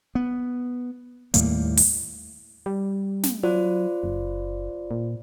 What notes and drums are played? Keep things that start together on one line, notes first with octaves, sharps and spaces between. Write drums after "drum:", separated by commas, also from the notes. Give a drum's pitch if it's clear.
B3
D#2 A2 G3 A#3, drum: hi-hat
drum: open hi-hat
G3
drum: snare
F#3 F4 C5 D5
F#1
A#2